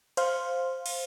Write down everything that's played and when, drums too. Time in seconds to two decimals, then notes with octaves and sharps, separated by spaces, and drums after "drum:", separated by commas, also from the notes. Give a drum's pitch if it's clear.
0.17 C5 F5, drum: cymbal
0.86 drum: cymbal